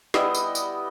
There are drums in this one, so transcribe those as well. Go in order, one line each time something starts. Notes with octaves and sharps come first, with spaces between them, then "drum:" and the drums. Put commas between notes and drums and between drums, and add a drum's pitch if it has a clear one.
G3 B3 E4 D#5, drum: snare
drum: tambourine
drum: tambourine